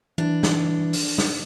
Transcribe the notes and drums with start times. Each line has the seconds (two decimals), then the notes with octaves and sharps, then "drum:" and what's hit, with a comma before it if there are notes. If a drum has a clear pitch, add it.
0.18 E3 D4
0.43 drum: snare
0.93 drum: open hi-hat
1.18 drum: snare